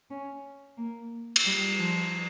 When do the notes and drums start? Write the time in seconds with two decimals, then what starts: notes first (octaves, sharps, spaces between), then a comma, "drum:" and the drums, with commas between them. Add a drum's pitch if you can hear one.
0.11 C#4
0.78 A#3
1.36 drum: cymbal
1.45 G3
1.79 F3